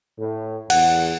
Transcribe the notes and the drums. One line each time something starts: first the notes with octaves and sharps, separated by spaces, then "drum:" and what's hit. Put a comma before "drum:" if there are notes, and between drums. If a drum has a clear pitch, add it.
A2
E2 F#5, drum: cymbal